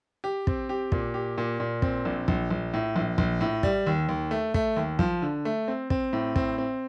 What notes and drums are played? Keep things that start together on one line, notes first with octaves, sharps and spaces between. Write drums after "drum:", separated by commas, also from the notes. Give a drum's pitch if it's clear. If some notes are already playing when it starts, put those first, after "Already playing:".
G4
C4, drum: kick
G4
A#2, drum: kick
G4
A#2
A#2
C4, drum: kick
A#1
A#1, drum: kick
A#1
A2
A#1
A#1, drum: kick
A2
G3, drum: kick
D#2
D#2
A3
A3, drum: kick
D#2
F3, drum: kick
D3
A3
C4
C4, drum: kick
A2
C4, drum: kick
C4